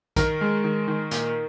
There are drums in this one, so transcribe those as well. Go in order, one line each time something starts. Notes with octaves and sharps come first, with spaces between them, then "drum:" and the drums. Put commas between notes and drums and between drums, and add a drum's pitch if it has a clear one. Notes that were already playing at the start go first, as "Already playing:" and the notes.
D#3 A#4, drum: kick, hi-hat
G#3
D#3
D#3
A#2, drum: hi-hat